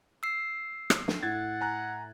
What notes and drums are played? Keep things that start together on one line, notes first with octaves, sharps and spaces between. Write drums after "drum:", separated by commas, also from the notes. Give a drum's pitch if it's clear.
E6 C7
drum: rim click
drum: snare
A2 F#5 G#6 A6
G#5 A#5 F#6